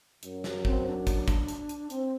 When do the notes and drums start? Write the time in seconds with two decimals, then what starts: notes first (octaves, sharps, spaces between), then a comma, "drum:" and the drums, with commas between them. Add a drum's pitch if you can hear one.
0.23 F#2 F#3, drum: hi-hat
0.44 drum: snare
0.65 C4, drum: kick
0.86 D4
1.07 drum: kick, hi-hat
1.28 drum: kick, hi-hat
1.48 drum: hi-hat
1.69 drum: hi-hat
1.90 C4, drum: hi-hat